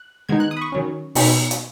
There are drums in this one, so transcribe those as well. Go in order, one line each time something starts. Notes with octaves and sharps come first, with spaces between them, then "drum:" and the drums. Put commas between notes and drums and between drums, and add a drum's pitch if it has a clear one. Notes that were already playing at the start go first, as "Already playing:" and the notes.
Already playing: F#6
D#3 G#3 B3 D#4 G#6
F#6
D#6
B5
C#6
D#3 F#3 C#4
B2 B3 D#4 B5, drum: open hi-hat
drum: hi-hat